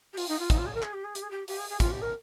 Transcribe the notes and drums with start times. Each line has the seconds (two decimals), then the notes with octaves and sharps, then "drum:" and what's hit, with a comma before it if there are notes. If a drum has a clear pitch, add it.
0.13 G4
0.17 F4, drum: open hi-hat
0.28 D#4
0.39 F4
0.50 D#4, drum: kick, hi-hat
0.58 F4
0.66 G#4
0.74 A#4
0.83 G#4, drum: clap
0.93 G4
1.04 G#4
1.15 G4, drum: hi-hat
1.22 G#4
1.31 G4
1.48 G4, drum: open hi-hat
1.58 G#4
1.70 G#4
1.80 F4, drum: kick, hi-hat
1.91 G4
2.02 A#4